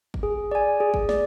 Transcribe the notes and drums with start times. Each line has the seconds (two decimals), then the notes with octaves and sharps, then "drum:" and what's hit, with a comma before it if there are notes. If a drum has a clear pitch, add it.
0.14 drum: kick
0.23 G#4
0.51 D5 G#5
0.80 G#4
0.94 drum: kick
1.09 D5, drum: snare